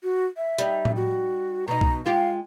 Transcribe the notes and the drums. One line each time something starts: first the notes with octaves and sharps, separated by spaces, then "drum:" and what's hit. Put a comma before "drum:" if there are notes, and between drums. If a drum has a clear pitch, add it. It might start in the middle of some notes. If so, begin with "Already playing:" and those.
F#4
E5
G3 D#4, drum: hi-hat
drum: tom A2
F#4
B2 D#4 A#5
drum: kick B1
G#3 F4 G4 F5